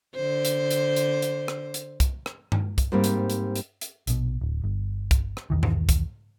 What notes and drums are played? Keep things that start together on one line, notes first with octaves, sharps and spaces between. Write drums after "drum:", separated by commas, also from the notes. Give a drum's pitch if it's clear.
D3 C5
drum: hi-hat
drum: hi-hat
drum: hi-hat
drum: hi-hat
drum: rim click
drum: hi-hat
drum: kick, hi-hat
drum: rim click
drum: tom G2
drum: kick, hi-hat
G#2 G3 A#3 C4
drum: hi-hat
drum: hi-hat
drum: hi-hat
drum: hi-hat
A#1 B2, drum: hi-hat
D1
G1
drum: kick, hi-hat
drum: rim click
B1 E2 D#3 E3
drum: tom G#2
drum: kick, hi-hat